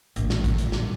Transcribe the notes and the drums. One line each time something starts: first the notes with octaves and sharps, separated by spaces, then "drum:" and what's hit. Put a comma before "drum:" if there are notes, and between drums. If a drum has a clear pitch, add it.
A1 A#2, drum: hi-hat
drum: snare
drum: kick, hi-hat
drum: hi-hat
drum: snare